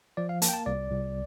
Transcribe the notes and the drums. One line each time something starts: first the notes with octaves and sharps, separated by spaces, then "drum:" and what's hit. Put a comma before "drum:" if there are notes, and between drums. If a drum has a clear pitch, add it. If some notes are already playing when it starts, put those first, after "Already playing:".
F3 D5
F5
A#3 A5, drum: hi-hat
G5
A5
C2 D5
C2